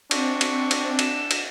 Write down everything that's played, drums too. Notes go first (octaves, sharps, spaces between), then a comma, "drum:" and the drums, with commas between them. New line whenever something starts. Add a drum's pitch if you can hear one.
C4 D4 C#6, drum: cymbal
drum: cymbal
drum: cymbal
E7, drum: cymbal
drum: cymbal